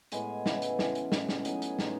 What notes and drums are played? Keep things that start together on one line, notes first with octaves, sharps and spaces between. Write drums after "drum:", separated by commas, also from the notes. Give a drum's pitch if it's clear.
A2 G#3 B3 G#5, drum: hi-hat
C#3 E3 A3, drum: snare
drum: hi-hat
E3 G#3 C#4, drum: snare
drum: hi-hat
A2 G#3 C#4, drum: snare
drum: snare
A2 F#3 B3 D#4 G#5, drum: hi-hat
drum: hi-hat
A2 G#3 D#4, drum: snare